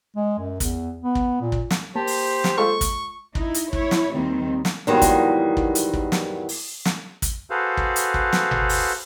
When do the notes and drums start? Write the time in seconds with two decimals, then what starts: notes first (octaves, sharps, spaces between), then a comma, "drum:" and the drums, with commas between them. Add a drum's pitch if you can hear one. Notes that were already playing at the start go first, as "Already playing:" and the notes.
0.16 G#3
0.39 F#2
0.60 E2, drum: kick, hi-hat
1.02 B3
1.15 drum: kick
1.41 A#2
1.52 drum: kick
1.71 drum: snare
1.95 A#3 G4 C5 A5
2.07 drum: open hi-hat
2.44 drum: snare
2.57 G#3 F4 A4 C#6
2.81 drum: kick, hi-hat
3.35 D#4 E4, drum: kick
3.54 drum: hi-hat
3.73 E4 C#5, drum: kick
3.91 drum: snare
4.13 D#2 D#3 G3 C4
4.65 drum: snare
4.87 E2 G#2 D#3 F#3 G3 A#3
5.02 drum: kick, hi-hat
5.57 drum: kick
5.75 drum: hi-hat
5.93 drum: kick
6.12 drum: snare
6.49 drum: open hi-hat
6.85 drum: snare
7.22 drum: kick, hi-hat
7.50 F#4 G#4 A4 B4 C5 F5
7.77 drum: kick
7.96 drum: hi-hat
8.14 drum: kick
8.33 drum: snare
8.51 drum: tom G1
8.69 drum: open hi-hat